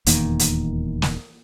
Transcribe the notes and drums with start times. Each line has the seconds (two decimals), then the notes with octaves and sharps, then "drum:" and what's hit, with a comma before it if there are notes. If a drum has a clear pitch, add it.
0.06 D#1 E2 D#3 A#3, drum: hi-hat
0.39 drum: hi-hat
1.02 drum: snare